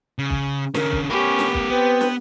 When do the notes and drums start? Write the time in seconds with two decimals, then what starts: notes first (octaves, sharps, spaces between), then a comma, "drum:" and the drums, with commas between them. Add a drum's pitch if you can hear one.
0.19 C#3
0.30 drum: kick
0.74 D3 C#4 A#4, drum: snare
0.92 drum: kick
1.10 B3 C#4 G4 A#4 B5
1.39 drum: snare
1.54 drum: kick
1.70 B3 C4 B4
2.01 drum: snare